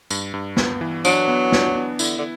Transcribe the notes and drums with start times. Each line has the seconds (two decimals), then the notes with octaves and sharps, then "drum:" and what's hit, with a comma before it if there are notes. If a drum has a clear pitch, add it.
0.10 G2, drum: tambourine
0.34 G2
0.57 B3, drum: snare
0.81 E3
1.05 F#3 D4, drum: tambourine
1.28 B3
1.52 D4, drum: snare
1.75 B3
1.99 D3 E4, drum: tambourine
2.18 D3